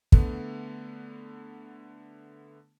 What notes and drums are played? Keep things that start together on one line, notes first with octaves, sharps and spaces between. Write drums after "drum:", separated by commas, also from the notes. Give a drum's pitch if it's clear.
D3 A3 B3, drum: kick